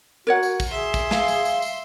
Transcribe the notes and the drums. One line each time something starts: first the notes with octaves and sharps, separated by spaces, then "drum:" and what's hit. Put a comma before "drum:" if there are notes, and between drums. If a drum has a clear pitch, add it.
F#4 A#4 C#5 F#5
drum: tambourine
drum: kick, tambourine
G#4 E5 C6
drum: kick, tambourine
F5 G#5, drum: snare
drum: tambourine
drum: tambourine
drum: tambourine